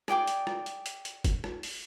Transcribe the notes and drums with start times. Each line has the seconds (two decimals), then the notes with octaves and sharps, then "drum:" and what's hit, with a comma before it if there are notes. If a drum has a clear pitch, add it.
0.08 G#4 D5 G5 D6, drum: rim click
0.27 drum: hi-hat
0.47 drum: rim click
0.66 drum: hi-hat
0.86 drum: hi-hat
1.05 drum: hi-hat
1.24 drum: kick, hi-hat
1.44 drum: rim click
1.63 drum: open hi-hat